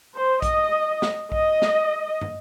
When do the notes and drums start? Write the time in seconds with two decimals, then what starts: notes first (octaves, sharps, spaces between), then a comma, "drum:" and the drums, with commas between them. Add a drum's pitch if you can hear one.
0.13 C5
0.42 D#5, drum: kick A#1, hi-hat
1.02 drum: snare
1.32 D#5, drum: kick A#1
1.62 drum: snare
2.21 drum: tom